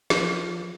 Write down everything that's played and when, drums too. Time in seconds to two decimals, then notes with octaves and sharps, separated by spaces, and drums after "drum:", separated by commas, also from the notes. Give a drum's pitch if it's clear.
0.10 F3, drum: snare